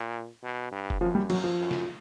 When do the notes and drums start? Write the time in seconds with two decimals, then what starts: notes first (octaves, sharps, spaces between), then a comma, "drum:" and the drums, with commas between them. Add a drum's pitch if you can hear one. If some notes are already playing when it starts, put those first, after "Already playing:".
Already playing: A#2
0.43 B2
0.72 G2
0.90 drum: kick F1
1.01 F#2 F3
1.15 G3
1.30 F#3, drum: cymbal
1.44 F3
1.59 F#2
1.71 drum: snare